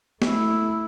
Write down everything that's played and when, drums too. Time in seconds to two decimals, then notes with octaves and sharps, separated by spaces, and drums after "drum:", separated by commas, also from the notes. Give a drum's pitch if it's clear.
0.22 A3 E4, drum: snare